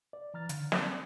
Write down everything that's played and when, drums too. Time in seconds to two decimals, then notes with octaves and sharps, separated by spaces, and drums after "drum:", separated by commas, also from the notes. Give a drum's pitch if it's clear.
0.13 D5
0.34 E3 A#5 F6 A6
0.49 D3, drum: hi-hat
0.72 C4 D5, drum: snare